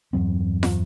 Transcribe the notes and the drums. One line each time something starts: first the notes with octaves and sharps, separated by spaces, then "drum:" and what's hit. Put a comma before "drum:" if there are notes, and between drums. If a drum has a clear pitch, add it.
E2 G2 F#3 C4
drum: snare